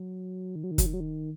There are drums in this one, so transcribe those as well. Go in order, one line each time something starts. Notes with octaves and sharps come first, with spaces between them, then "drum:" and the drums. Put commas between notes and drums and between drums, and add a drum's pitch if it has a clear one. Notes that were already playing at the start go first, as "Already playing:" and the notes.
Already playing: F#3
D#3
F#3
D#3
F#3, drum: kick, hi-hat
D#3
F#3
D#3